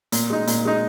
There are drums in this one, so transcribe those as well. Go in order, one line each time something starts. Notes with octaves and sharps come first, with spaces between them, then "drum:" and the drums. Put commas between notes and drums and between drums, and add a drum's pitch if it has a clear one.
A#2, drum: hi-hat
G#3 D#4
A#2, drum: hi-hat
G#3 D#4